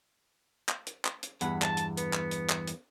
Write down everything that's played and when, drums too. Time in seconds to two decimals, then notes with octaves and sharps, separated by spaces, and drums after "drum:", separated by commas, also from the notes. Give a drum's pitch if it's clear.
0.69 drum: clap
0.87 drum: hi-hat
1.05 drum: clap
1.23 drum: hi-hat
1.41 E2 G2 F#5 B5, drum: hi-hat
1.62 A5, drum: clap
1.77 drum: hi-hat
1.97 B3, drum: hi-hat
2.13 drum: clap
2.31 drum: hi-hat
2.49 drum: clap
2.68 drum: hi-hat